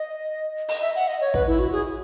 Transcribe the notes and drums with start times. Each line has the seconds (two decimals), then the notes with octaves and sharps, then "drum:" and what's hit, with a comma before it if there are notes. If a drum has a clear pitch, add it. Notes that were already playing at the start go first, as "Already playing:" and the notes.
Already playing: D#5
0.69 D#5, drum: open hi-hat
0.81 E5
0.95 F#5
1.08 D#5
1.21 C#5
1.34 B4, drum: kick
1.47 E4
1.59 F#4
1.72 G#4